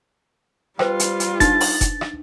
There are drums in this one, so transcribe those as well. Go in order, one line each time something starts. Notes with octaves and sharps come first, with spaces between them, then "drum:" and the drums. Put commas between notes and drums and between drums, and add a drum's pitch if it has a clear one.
G3 F4 B4 C5 G5, drum: rim click
drum: hi-hat
drum: hi-hat
D4 D#4 A6, drum: kick F1, hi-hat
drum: open hi-hat
drum: kick F1, hi-hat
drum: rim click